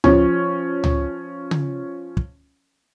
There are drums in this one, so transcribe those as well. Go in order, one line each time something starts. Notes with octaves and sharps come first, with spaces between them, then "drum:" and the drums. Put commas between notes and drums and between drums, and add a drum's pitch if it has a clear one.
F3 C#4, drum: tom C#2
drum: tom C#2
drum: tom C#3
drum: kick